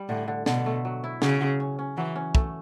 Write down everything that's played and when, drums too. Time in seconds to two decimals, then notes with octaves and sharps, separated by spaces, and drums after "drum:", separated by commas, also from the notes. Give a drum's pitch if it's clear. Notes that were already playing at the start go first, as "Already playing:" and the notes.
Already playing: G3
0.09 A2 D3
0.28 D3
0.46 B2 D3, drum: snare
0.66 A3
0.85 F#3
1.04 E4
1.22 C#3 F#3, drum: snare
1.40 F#3
1.60 C#4
1.79 C#4
1.97 E3 F#3
2.16 C#4
2.35 A3, drum: kick